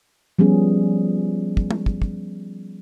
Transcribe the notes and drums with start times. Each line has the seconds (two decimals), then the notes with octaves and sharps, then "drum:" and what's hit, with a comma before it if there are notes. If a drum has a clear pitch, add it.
0.39 F3 G3 B3 C#4 G#4
1.57 drum: kick
1.71 drum: tom
1.86 drum: kick
2.02 drum: kick